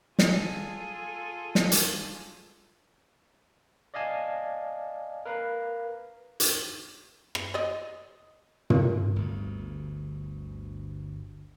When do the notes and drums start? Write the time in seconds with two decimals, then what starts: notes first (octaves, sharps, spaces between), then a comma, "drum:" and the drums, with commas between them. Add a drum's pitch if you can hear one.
0.19 F4 G#4 A4, drum: snare
1.55 drum: snare
1.72 drum: hi-hat
3.94 D5 D#5 F5 G#5 A5
5.25 A#4 B4 F5
6.40 drum: hi-hat
7.35 drum: rim click
7.54 D5 D#5
8.70 drum: tom
9.16 G1 D2 G2